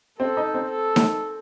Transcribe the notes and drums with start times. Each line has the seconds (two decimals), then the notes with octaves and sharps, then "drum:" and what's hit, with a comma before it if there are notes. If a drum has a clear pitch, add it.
0.19 C4 A4
0.37 D#4
0.54 C4
0.71 A4
0.96 drum: snare D#4